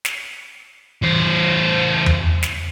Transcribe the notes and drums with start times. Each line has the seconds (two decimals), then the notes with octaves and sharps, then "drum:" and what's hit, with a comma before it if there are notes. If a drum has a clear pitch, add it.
0.05 drum: snare
1.02 E3 C5
2.06 drum: tom E2
2.43 drum: snare